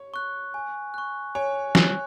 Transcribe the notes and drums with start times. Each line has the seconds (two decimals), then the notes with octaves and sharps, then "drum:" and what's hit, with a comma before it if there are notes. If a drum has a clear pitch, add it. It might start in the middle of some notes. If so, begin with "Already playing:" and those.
Already playing: C#5
0.14 C#6 F#6
0.54 G#5
0.94 C#6 F#6
1.35 C#5 G#5
1.75 C#5 C#6 F#6, drum: snare